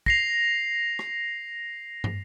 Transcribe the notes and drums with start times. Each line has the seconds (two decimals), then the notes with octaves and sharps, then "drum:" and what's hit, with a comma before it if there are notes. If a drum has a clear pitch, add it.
0.06 A#6 C7 F7, drum: kick
0.99 drum: rim click
2.04 drum: tom